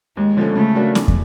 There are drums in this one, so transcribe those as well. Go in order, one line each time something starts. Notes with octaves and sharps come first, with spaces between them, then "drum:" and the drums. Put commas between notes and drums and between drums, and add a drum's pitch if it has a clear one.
D#2 G#3
D3 F3 A3 C#4
C#3 A3
F#3 A#3 D4 F#4
E2, drum: snare
drum: kick